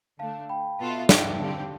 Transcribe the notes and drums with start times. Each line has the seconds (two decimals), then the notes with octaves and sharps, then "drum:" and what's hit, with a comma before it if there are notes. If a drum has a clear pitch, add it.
0.19 D3 A3 D4 F5 A5
0.49 G5 B5
0.79 B2 B3 F4 A4 F5 A5
0.90 E5
1.00 F5
1.09 E5 G5, drum: snare
1.39 D3 G3 C4 G4 F5 A5